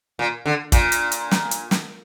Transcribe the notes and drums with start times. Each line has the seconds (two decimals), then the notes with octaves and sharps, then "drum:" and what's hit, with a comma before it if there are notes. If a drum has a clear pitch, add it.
0.19 A#2
0.46 D3
0.72 A#2, drum: kick, hi-hat
0.92 drum: hi-hat
1.12 drum: hi-hat
1.31 drum: snare
1.51 drum: hi-hat
1.71 drum: snare